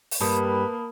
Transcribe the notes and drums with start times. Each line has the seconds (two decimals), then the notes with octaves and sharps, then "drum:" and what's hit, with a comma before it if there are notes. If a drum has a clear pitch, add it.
0.11 drum: open hi-hat
0.21 G2 G3 A#3 B4 A5 B5 D#6